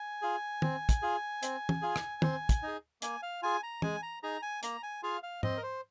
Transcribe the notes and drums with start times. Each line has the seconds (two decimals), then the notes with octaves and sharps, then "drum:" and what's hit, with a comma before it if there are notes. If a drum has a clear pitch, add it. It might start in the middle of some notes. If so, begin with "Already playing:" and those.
Already playing: G#5
0.22 F4 G#4
0.62 C4, drum: tom
0.89 drum: kick, hi-hat
1.02 F4 G#4
1.43 C4, drum: hi-hat
1.69 drum: tom E3
1.82 F4 G#4
1.96 drum: rim click
2.22 C4, drum: tom
2.49 drum: kick, hi-hat
2.63 D#4 G#4
3.02 A#3 G#5, drum: hi-hat
3.23 F5
3.42 F4 G#4 G#5
3.63 A#5
3.82 G#3 G#5, drum: tom E3
4.02 A#5
4.23 D#4 G#4 A#5
4.42 G#5
4.63 A#3 A#5, drum: hi-hat
4.83 G#5
5.03 F4 G#4 F5
5.23 F5
5.43 C4 D#5, drum: tom G#2
5.57 A#4
5.63 C5